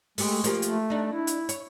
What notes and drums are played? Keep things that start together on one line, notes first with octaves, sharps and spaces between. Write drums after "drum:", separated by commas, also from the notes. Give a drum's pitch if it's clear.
G#3 A3 B3 G4, drum: open hi-hat
F3 A#3 G4, drum: hi-hat
A3, drum: hi-hat
D4 D#4
E4
drum: hi-hat
C#5, drum: hi-hat